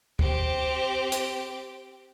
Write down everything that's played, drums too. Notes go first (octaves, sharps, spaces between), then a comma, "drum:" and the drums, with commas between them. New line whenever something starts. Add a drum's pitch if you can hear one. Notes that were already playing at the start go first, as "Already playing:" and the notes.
C4 G4, drum: kick
drum: hi-hat